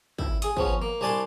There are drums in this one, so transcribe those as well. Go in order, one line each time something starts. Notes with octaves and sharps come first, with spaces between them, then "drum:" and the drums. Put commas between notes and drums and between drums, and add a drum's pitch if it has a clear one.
E4, drum: kick
G#4 D#6, drum: hi-hat
F3 B3 C#4, drum: kick
A#3
C2 D4 G#5 A5 B5 C6